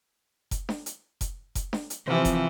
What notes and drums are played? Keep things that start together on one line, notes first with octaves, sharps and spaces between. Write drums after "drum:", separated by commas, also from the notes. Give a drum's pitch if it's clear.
drum: kick F1, hi-hat
drum: snare D4
drum: hi-hat
drum: kick F1, hi-hat
drum: kick F1, hi-hat
drum: snare D4
drum: hi-hat
C3 E3 F3
drum: kick F1, hi-hat